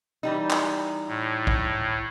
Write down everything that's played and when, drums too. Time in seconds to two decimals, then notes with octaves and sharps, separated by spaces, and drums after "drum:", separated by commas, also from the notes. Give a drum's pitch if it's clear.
0.23 E3 G3 D#4
0.51 drum: clap
1.08 A2
1.47 drum: kick